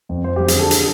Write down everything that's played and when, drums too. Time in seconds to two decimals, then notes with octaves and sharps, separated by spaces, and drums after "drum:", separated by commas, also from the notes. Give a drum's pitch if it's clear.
0.09 F2
0.24 F2 C5
0.36 G4
0.40 F#3
0.48 G#4, drum: hi-hat
0.55 D3 A4
0.71 G#4, drum: hi-hat